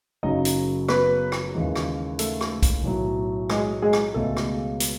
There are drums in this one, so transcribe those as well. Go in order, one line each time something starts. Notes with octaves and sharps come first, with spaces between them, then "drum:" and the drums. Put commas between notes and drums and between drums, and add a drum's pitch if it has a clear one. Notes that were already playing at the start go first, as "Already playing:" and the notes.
F#1 F#2 C#3 F#3 D#4 D#5
drum: hi-hat
B3 B4, drum: rim click
drum: rim click
D#2 C#3 E3 G#3
drum: rim click
A3 A4, drum: hi-hat
drum: rim click
drum: kick B1, hi-hat
B1 A2 F#3
G#3 G#4, drum: rim click
G#3 G#4
drum: rim click
C#2 B2 G#3 A3 A4
drum: rim click
drum: hi-hat